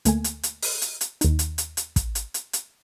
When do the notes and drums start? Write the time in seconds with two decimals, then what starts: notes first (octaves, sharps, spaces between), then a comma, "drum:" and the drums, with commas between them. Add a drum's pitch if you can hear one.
0.05 D2 A3 A#3 G#5, drum: hi-hat
0.24 drum: hi-hat
0.43 drum: hi-hat
0.63 drum: open hi-hat
0.82 drum: hi-hat
1.01 drum: hi-hat
1.21 D#2 D#4, drum: hi-hat
1.39 drum: hi-hat
1.58 drum: hi-hat
1.77 drum: hi-hat
1.96 drum: kick, hi-hat
2.15 drum: hi-hat
2.34 drum: hi-hat
2.53 drum: hi-hat